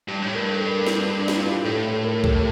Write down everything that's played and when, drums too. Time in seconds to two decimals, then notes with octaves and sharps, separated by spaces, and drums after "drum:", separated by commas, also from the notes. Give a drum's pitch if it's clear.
0.08 G2 G4
0.22 A2
0.34 G2 A#4
0.52 A4
0.61 A#4
0.86 drum: snare
1.17 D4
1.28 E4, drum: snare
1.40 F4
1.52 G4
1.65 A2 A4
1.84 A4
2.04 A#4
2.14 A4
2.24 G4, drum: kick B1